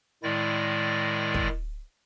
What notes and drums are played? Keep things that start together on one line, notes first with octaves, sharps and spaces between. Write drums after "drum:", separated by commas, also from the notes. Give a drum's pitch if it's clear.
A2 D#3 G#3 E4 D5 A#6
drum: kick